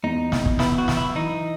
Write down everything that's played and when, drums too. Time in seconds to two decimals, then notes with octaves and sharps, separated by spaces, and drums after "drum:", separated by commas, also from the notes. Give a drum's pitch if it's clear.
0.03 E2 D#4
0.32 E2, drum: snare
0.46 drum: kick
0.59 B3 E4, drum: snare
0.78 F#4
0.88 F#3, drum: snare
0.97 E4
1.15 E3 D#4